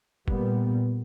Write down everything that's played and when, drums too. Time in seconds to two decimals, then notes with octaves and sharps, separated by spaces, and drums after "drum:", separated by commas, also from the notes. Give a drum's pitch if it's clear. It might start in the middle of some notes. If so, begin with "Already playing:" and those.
0.28 A#2 G3 B3, drum: kick G1